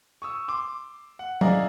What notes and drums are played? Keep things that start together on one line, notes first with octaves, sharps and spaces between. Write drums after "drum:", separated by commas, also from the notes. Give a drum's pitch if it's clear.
C#6 D#6 E6
C6 D6
F#5
E4 G#4 D5 D#5 F5 A#5, drum: tom F#3